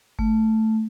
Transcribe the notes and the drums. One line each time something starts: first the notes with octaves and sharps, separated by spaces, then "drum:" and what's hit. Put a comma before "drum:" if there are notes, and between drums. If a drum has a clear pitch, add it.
A3, drum: kick G1